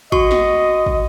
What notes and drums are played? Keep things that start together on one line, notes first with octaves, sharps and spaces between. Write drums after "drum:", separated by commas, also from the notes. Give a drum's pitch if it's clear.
F#4 D#5 C#6, drum: kick
drum: snare
drum: kick